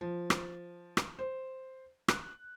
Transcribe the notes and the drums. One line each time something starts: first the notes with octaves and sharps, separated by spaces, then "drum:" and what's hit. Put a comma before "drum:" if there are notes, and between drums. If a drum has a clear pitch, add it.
F3
drum: rim click
drum: rim click
C5
F#6, drum: rim click